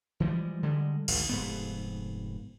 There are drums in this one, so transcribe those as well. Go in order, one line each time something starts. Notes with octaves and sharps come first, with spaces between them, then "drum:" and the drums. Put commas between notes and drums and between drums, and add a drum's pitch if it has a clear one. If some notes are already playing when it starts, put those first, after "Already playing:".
E3 F3 G3 G#3
D3 G3 G#3
G#1 D2, drum: cymbal
F1 G#2 B3